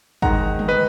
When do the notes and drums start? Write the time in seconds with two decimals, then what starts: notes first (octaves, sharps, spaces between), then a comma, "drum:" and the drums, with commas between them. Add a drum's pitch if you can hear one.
0.22 G#2 D#3 G#3 F#5 A#5, drum: kick
0.59 drum: tom
0.68 B4 D#5